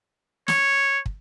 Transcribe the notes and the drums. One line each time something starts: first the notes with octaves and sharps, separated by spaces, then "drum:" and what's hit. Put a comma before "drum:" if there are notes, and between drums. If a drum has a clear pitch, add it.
C#5, drum: snare
drum: kick